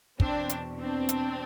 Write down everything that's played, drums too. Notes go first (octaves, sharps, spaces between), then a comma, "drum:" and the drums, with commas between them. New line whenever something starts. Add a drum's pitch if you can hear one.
E2 B2 C4 D4, drum: kick
drum: hi-hat
C4 D4
drum: hi-hat